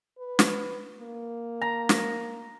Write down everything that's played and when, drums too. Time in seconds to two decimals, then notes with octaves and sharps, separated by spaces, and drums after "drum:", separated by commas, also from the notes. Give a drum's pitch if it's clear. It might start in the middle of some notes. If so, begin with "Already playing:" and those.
0.19 B4
0.39 drum: snare
0.99 A#3
1.61 A#5
1.89 drum: snare